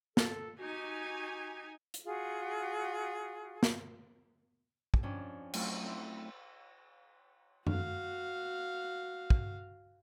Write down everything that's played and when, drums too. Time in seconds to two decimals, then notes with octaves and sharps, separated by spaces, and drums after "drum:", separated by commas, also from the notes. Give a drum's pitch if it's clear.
0.17 A4, drum: snare
0.58 D#4 F#4 G4 G#5
1.94 drum: hi-hat
2.05 F4 F#4 G#4
3.63 drum: snare
4.94 drum: kick
5.03 F2 C#4 D4
5.54 F#3 A3 C4 E4 F4, drum: cymbal
5.83 C4 E4
7.67 F#4 F5, drum: tom F#2
9.30 drum: kick